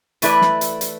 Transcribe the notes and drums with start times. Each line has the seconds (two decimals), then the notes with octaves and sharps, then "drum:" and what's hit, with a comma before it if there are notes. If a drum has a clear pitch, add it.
0.22 E3 A3 E4 B4 D5, drum: hi-hat
0.41 drum: snare
0.61 drum: hi-hat
0.81 drum: hi-hat